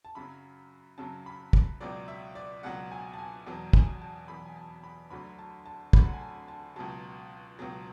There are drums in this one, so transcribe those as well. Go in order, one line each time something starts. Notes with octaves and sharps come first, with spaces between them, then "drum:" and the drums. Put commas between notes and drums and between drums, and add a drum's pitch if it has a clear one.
A5
F#2 C#3 F#3 B5
F#2 C#3 F#3 A5
B5
drum: kick
C#2 B2 F#3 D5
E5
D5
C#2 B2 F#3 F#5
G#5
A5
G#5
E2 B2 F#3 A5
G#5, drum: kick
A5
E2 B2 F#3 B5
G#5
A5
B5
D2 D3 F#3 B5
A5
A5
D2 D3 F#3 B5, drum: kick
F#5
G#5
A5
A5
C#2 B2 F#3 A5
C#2 B2 F#3